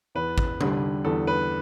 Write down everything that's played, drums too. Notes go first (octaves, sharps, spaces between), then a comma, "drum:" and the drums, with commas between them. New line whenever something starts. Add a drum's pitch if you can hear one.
E2 B4
drum: kick
D3 G3, drum: tom C3
E2 A4
B4